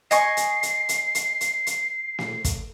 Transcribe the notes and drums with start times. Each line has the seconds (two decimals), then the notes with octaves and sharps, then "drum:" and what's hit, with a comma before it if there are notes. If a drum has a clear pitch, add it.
0.11 D#5 G#5 C#6 C7, drum: hi-hat
0.37 drum: hi-hat
0.63 drum: hi-hat
0.89 drum: hi-hat
1.15 drum: hi-hat
1.41 drum: hi-hat
1.67 drum: hi-hat
2.19 drum: snare
2.44 drum: kick, hi-hat